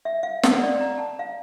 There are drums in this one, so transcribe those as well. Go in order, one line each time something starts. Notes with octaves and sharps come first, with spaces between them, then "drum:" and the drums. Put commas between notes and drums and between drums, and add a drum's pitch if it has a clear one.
E5
F5
F#5, drum: snare
D5
A#5
A5
F5